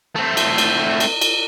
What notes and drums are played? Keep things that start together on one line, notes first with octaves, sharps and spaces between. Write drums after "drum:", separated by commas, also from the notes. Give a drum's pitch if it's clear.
A3 C4
drum: cymbal
drum: cymbal
drum: cymbal
drum: cymbal